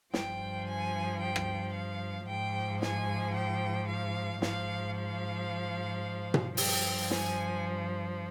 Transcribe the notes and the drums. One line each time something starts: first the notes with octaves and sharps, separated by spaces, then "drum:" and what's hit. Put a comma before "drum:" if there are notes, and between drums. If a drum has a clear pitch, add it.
G2 F3 G5, drum: snare
G#5
G5
drum: rim click
F5
G#2 F3 G5
G#5, drum: snare
G5
F5
G#2 F3 F5, drum: snare
F5
drum: tom B2
G2 F3 G5, drum: open hi-hat
G#5, drum: snare